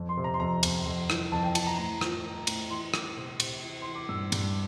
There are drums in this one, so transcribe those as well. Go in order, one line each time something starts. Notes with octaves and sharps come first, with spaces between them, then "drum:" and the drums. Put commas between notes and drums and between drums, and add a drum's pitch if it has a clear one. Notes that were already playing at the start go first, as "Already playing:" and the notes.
Already playing: F2
C6
C3
A#5
C6
F2 A#5
F2, drum: cymbal
F2
E3, drum: rim click
F2 A5
G5
E3 A5, drum: cymbal
A#5
A2 A#5
F3, drum: rim click
F3
A2, drum: cymbal
E3 C6
E3 D6, drum: rim click
C3
C3, drum: cymbal
E3
E3 C6
D6
G2 E6
G2, drum: cymbal